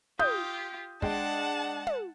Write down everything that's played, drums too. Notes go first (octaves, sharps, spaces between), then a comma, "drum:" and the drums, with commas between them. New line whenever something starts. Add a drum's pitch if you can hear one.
F4 G4 D#6 G6, drum: tom
G#3 D4 F#5 G5 A5, drum: kick
drum: tom